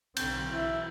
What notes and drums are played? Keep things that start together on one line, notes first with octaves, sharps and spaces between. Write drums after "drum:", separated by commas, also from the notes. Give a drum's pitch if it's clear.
B1 D3 C4 G6, drum: cymbal
E3 E4